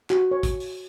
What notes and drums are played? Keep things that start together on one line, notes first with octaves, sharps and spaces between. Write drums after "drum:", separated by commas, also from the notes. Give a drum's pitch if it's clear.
F#4, drum: clap
C#5
drum: kick, hi-hat
drum: open hi-hat